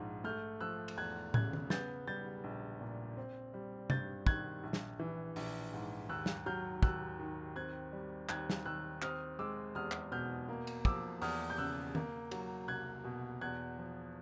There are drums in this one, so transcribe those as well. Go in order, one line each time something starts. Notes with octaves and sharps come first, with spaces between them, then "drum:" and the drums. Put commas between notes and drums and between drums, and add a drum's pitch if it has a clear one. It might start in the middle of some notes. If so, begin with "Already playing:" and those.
Already playing: A#1 G#2 F3
A3 F6 G6
F3 E6 F#6
drum: cymbal
E2 F#6 G#6
C#3 F#6 G#6, drum: tom
drum: tom D#3
B3 G6 A6, drum: snare
G3 G6 A6
A#1
A#2
C4
G3
G2 G6 A6, drum: tom C3
D#3 F#6 G#6, drum: kick
A#1
drum: snare
E3
A#1, drum: open hi-hat
G#2
D#2 E6 F#6
drum: snare
F#3 F6 G6
D#2 E6 F#6, drum: kick
D#3
C4 F#6 G#6
G3
D#2 F#6 G#6, drum: clap
drum: snare
D#3 E6 F#6
C4 D#6 F6, drum: clap
G#3 D6 E6
E2 D#6 F6
drum: clap
B2 F6 G6
A#3
drum: cymbal
F3 D6 E6, drum: kick
E2 D#6 F6, drum: open hi-hat
G6
C#3 E6 F#6
A#3, drum: tom D#3
F#3, drum: cymbal
C2 F#6 G#6
B2
E2 F#6 G#6
F3